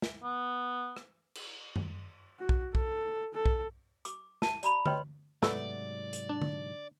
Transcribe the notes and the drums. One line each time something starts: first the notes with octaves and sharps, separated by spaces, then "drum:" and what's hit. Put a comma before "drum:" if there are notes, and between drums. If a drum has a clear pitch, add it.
drum: snare
B3
drum: rim click
drum: cymbal
drum: tom F#2
F#4
drum: kick B1
A4, drum: kick B1
A4
drum: kick B1
D6, drum: hi-hat
A5, drum: snare
D5 A#5 B5, drum: hi-hat
B4 C#5 D#5 G5 C6, drum: tom D3
G#2 C3 F#3 A3 B3 B4 D5, drum: snare
drum: hi-hat
D4
drum: tom D3